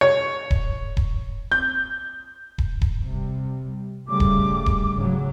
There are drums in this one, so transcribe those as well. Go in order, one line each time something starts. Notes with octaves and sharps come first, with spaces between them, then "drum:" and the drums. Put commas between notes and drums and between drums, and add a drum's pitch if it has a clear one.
C#5
drum: kick D#1
drum: kick D#1
G6
drum: kick D#1
drum: kick D#1
C3 G3
C#3 G3 A3 D6
drum: kick D#1
drum: kick D#1
G#2 C#3 F#3